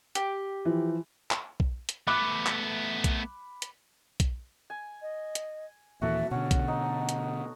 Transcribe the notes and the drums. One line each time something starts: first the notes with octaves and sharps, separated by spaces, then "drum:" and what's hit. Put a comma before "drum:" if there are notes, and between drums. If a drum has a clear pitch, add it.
G4, drum: hi-hat
E3 F3
drum: clap
drum: kick B1
drum: hi-hat
A3 B3 B5 D6 F#6
drum: clap
drum: kick B1, hi-hat
drum: hi-hat
drum: kick B1, hi-hat
G#5
D#5
drum: hi-hat
D#2 A#2 E3 F#4 A4 E5
B2 D3 C#4 F#5
drum: kick B1, hi-hat
D#4
drum: hi-hat